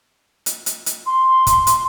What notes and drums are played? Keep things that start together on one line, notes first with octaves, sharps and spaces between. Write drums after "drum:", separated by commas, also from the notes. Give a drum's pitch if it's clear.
drum: hi-hat
drum: hi-hat
drum: hi-hat
C6
drum: kick, hi-hat
drum: hi-hat